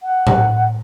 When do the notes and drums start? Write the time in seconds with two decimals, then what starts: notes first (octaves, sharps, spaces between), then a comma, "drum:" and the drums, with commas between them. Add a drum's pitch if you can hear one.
0.01 F#5
0.27 drum: tom A2